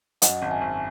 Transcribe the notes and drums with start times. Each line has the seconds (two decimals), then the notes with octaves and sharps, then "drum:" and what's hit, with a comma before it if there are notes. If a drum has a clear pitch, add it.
0.22 F#2 D#5 F#5, drum: hi-hat
0.42 G#1 A5
0.51 E5 G#5
0.61 G#1